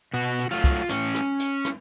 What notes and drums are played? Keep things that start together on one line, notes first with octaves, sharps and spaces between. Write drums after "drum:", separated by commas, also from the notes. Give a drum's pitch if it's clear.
B2 F#4
drum: hi-hat
F#3 A3 F4
drum: kick, hi-hat
A2 C#4, drum: hi-hat
drum: rim click
drum: hi-hat
drum: rim click